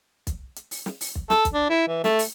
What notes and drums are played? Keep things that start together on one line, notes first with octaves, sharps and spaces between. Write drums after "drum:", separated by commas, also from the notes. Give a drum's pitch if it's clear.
drum: kick, hi-hat
drum: hi-hat
drum: open hi-hat
drum: snare
drum: open hi-hat
drum: kick
A4, drum: snare
drum: kick, hi-hat
D4
E4
E3
A3, drum: snare
drum: open hi-hat